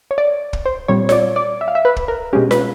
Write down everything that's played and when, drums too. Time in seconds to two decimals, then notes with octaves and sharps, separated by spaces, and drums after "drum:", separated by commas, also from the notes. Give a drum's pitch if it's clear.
0.11 C#5
0.18 D5
0.53 drum: kick
0.66 C5
0.88 A#2 G3 C4 C#5
1.09 C#5, drum: snare F4
1.12 D5
1.36 D5
1.61 E5
1.68 F5
1.75 E5
1.85 B4
1.96 drum: kick
2.08 A#4
2.33 B2 G#3 C#4 G4
2.51 B4, drum: snare F4